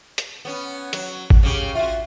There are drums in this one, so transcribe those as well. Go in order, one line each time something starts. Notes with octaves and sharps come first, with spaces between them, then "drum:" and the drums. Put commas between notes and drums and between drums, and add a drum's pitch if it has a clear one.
drum: hi-hat
B3 C#4
F#3, drum: hi-hat
drum: kick G#1
C#3 C#4 G4
F4 F#4 E5